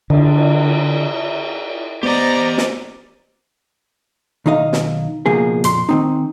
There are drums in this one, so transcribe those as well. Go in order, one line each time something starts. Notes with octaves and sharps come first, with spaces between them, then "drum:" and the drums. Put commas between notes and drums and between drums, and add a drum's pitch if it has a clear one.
D3, drum: cymbal
drum: cymbal
B3 G4 C5 D5 D#5 A#5
drum: snare
B1 D#3 D#4 D#5 F5
drum: snare
C#2 B2 F3 A#3 G#4
F2 A#2 C6, drum: hi-hat
D#3 C4 D#4